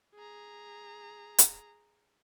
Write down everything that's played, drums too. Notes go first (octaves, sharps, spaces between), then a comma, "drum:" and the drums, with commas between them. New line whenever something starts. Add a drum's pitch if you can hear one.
G#4 A#5
drum: hi-hat